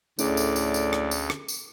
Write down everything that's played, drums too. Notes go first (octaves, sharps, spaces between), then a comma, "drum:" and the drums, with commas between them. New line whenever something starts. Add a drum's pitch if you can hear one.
D2 A2 C#4 G#4 A4 D5, drum: tambourine
drum: tambourine
drum: tambourine
drum: tambourine
drum: rim click
drum: tambourine
drum: rim click
drum: tambourine